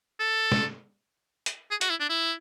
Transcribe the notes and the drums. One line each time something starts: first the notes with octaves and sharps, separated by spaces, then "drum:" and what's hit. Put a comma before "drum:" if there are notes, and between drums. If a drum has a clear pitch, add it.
A4
drum: snare
drum: hi-hat
G#4
F#4, drum: hi-hat
E4
D4
E4